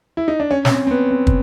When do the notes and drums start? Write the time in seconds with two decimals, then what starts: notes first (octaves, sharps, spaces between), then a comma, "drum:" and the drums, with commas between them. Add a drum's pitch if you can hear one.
0.17 E4
0.28 D#4
0.40 D4
0.51 C#4
0.65 C#4, drum: snare
0.71 C4
0.87 C4
0.91 B3
1.11 C4
1.27 drum: kick